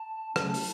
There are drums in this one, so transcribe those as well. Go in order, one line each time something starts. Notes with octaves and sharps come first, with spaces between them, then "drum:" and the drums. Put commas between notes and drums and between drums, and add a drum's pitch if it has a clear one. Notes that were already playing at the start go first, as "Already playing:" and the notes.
Already playing: A5
C#3 F#3 A3 C#4 A5, drum: rim click
drum: open hi-hat